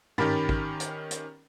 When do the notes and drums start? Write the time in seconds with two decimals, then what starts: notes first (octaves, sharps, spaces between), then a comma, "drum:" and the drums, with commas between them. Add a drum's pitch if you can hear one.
0.18 D#3 C#4 G4 A#4 B5 A6, drum: tom
0.49 drum: kick
0.80 drum: hi-hat
1.11 drum: hi-hat